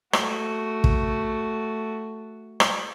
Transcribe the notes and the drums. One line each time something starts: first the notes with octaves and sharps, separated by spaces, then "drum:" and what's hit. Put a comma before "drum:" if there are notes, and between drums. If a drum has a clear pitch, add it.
A3 F#4, drum: rim click
drum: kick
drum: rim click